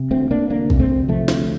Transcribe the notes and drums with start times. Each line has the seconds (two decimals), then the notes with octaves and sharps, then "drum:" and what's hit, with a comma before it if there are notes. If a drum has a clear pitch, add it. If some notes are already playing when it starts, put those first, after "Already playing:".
Already playing: C3
0.11 D2 A3 C4
0.30 C3 A#3 D4
0.50 D2 A#3 D4
0.70 C3, drum: kick A#1
0.80 A3 C4
0.89 D2
1.08 C3 F3 A3
1.28 D2, drum: snare